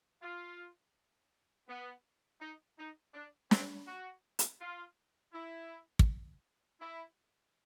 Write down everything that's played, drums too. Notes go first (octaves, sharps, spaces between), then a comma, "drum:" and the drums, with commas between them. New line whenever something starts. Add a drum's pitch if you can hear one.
F4
B3
D#4
D#4
D4
C4, drum: snare
F#4
drum: hi-hat
F4
E4
drum: kick
E4